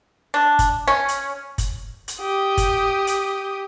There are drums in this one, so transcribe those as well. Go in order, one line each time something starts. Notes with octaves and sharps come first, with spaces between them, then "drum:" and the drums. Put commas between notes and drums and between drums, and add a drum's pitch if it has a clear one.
D4
drum: kick F#1, hi-hat
C#4
drum: hi-hat
drum: kick F#1, hi-hat
drum: hi-hat
G4 D#6
drum: kick F#1, hi-hat
drum: hi-hat